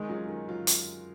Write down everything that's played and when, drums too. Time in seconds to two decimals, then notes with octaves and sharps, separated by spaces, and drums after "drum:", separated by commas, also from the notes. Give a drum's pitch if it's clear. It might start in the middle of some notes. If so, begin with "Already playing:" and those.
Already playing: D#3 G#3
0.09 F#3 C#4 F4 G#4
0.29 D#3
0.47 F#3 F4
0.67 drum: hi-hat